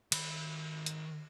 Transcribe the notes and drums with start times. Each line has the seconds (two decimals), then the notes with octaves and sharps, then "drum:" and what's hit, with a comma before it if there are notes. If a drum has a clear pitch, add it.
0.12 D#3 B5, drum: cymbal
0.86 drum: hi-hat